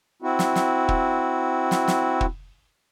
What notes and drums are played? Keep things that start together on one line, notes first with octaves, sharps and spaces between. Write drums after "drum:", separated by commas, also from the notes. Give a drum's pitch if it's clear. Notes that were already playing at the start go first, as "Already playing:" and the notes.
C4 E4 F#4
drum: snare
drum: snare
drum: kick
drum: snare
drum: snare
drum: kick